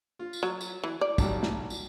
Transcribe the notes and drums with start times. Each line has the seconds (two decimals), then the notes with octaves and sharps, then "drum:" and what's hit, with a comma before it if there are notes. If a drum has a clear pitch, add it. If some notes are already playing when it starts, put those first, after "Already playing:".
0.19 F4
0.33 drum: tambourine
0.43 F#3
0.61 drum: tambourine
0.84 E3
1.01 D5
1.18 B1 F#3 G3, drum: kick, tambourine
1.43 drum: snare
1.70 drum: tambourine